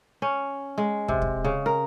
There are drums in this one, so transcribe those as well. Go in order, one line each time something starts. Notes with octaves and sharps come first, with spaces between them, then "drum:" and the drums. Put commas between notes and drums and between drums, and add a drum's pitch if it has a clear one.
C#4
G#3
C3, drum: kick
drum: kick
C#3
A#4